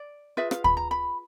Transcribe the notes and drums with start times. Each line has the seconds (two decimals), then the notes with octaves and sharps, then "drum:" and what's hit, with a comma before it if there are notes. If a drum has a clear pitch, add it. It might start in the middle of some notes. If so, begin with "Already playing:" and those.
Already playing: D5
0.37 F4 G#4 B4 E5
0.51 F5, drum: rim click
0.64 B5, drum: kick
0.77 A#5
0.91 B5